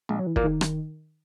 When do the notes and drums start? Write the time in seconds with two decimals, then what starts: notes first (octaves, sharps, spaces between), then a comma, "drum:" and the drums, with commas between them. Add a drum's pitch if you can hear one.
0.09 A#1 G#3
0.19 F#3
0.27 E3
0.36 A#2 A#3, drum: kick
0.44 D#3
0.61 drum: rim click